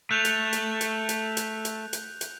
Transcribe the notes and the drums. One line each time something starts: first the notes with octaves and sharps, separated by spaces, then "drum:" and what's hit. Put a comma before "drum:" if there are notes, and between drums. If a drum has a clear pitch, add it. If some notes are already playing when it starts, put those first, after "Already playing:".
A3 F#6 G6 F7
drum: hi-hat
drum: hi-hat
drum: hi-hat
drum: hi-hat
drum: hi-hat
drum: hi-hat
drum: hi-hat
drum: hi-hat